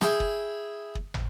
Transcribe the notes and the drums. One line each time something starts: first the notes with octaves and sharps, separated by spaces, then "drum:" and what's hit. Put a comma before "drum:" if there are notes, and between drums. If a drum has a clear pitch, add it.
E4 G#4 G5, drum: snare
drum: kick
drum: kick
drum: tom